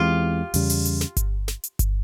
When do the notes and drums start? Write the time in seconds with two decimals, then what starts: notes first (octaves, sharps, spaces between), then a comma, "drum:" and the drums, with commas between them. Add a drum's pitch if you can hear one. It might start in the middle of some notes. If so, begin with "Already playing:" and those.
Already playing: E2 E3 G#3 C4 F4 G4
0.54 E2 C#3 G3, drum: open hi-hat
0.70 drum: open hi-hat
0.85 drum: hi-hat
1.01 drum: snare
1.17 drum: kick G1, hi-hat
1.48 drum: snare
1.64 drum: hi-hat
1.79 drum: kick G1, hi-hat